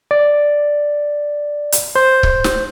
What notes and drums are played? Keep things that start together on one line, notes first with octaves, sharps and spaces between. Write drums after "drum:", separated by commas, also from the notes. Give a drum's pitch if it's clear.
D5
drum: hi-hat
C5
drum: kick C#1
drum: snare